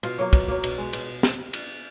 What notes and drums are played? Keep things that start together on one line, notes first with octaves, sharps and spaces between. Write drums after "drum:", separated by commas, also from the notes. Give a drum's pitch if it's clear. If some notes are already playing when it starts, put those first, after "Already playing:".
B2 F4, drum: cymbal
F#3 A#3
B2, drum: kick, cymbal
F#3 A#3
B2, drum: cymbal
G#3
B2, drum: cymbal
drum: snare
drum: cymbal